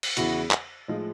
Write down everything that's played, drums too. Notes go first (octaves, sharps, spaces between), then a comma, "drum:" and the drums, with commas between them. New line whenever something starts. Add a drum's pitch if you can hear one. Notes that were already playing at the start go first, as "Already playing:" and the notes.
drum: cymbal
E2 C#3 E3 E4 F#4, drum: hi-hat
drum: clap
A2 F3 G#3 D#4 F4